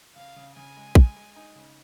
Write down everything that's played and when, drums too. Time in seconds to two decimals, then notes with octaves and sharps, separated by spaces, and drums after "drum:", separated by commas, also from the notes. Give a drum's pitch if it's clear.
0.16 C#3 F5
0.36 C#3
0.55 C#3 G#5
0.77 G#3
0.95 G#3, drum: kick
1.16 G#3
1.36 D#4
1.56 C#3